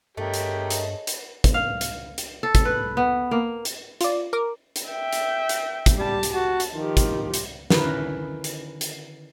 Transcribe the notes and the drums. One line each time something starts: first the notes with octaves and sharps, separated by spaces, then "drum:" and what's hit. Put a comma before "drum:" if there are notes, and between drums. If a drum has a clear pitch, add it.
G2 A3 G4 G#4 A#4 C#5 D#5
drum: hi-hat
drum: hi-hat
drum: hi-hat
drum: kick, hi-hat
F5
drum: hi-hat
drum: hi-hat
A4
drum: kick, hi-hat
B4
B3
A#3
drum: hi-hat
F4 D5, drum: hi-hat
A#4 D6
drum: hi-hat
E5 G5
drum: hi-hat
drum: hi-hat
drum: kick, hi-hat
G3 G4 A5
drum: hi-hat
F#4 A5
drum: hi-hat
D#3 F3 G4
drum: kick, hi-hat
drum: hi-hat
D3 D#3 C#4 E4 A#4 B4, drum: snare
drum: hi-hat
drum: hi-hat